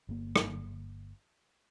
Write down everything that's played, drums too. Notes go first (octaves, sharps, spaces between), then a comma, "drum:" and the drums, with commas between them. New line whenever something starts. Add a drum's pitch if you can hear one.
G1 A#3
drum: rim click